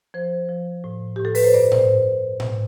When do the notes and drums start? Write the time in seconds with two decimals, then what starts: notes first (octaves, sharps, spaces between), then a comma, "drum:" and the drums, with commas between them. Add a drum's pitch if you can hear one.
0.14 F3 C5
0.49 F3
0.84 A2
1.16 A2 G4
1.25 A4
1.35 B4, drum: open hi-hat
1.44 C5
1.54 G2 D5
1.72 C5, drum: tom A2
2.40 drum: tom A2